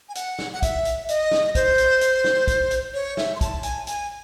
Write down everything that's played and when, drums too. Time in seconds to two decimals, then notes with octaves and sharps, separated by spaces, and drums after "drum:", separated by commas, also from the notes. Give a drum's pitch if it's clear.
0.09 G#5
0.15 F#5, drum: hi-hat
0.39 drum: snare
0.53 F#5
0.62 E5, drum: kick, hi-hat
0.85 drum: hi-hat
1.08 D#5, drum: hi-hat
1.31 drum: snare
1.55 C5, drum: kick, hi-hat
1.78 drum: hi-hat
2.01 drum: hi-hat
2.24 drum: snare
2.48 drum: kick, hi-hat
2.71 drum: hi-hat
2.94 C#5
3.17 E5, drum: snare
3.36 C6
3.41 A5, drum: kick, hi-hat
3.63 G#5, drum: hi-hat
3.87 G#5, drum: hi-hat